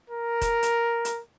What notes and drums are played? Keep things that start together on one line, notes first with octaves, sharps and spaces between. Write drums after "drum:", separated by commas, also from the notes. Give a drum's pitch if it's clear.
A#4
drum: kick F1, hi-hat
drum: hi-hat
drum: hi-hat